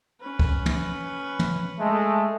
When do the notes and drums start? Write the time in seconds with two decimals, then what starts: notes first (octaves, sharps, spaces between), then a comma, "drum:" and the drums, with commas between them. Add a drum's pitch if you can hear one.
0.21 C#4 B4
0.39 drum: kick C#2
0.66 drum: tom
1.39 drum: tom
1.79 G#3 A3